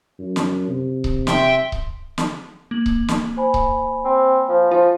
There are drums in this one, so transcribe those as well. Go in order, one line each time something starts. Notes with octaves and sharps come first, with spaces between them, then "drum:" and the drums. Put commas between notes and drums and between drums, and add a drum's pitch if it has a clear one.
F#2
drum: snare
C3
drum: kick C#1
E5 G5 C6, drum: snare
drum: kick C#1
drum: snare
A#3 F#7
drum: kick C#1
drum: snare
C5 G#5 B5
drum: kick C#1
C4
F3
F3 F4